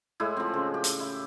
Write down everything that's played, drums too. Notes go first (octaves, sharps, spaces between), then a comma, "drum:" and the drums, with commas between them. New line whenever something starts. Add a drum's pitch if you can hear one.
A2 G#3 E4
F3 C4
C#3
G4
drum: hi-hat
E4